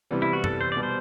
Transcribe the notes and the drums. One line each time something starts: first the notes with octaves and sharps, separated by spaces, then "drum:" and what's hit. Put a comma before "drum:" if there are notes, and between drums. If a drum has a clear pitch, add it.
C3 E3 G3 B3
E4
F#4
A4, drum: tom F#2
C5
B2 G3 B3 D5
C5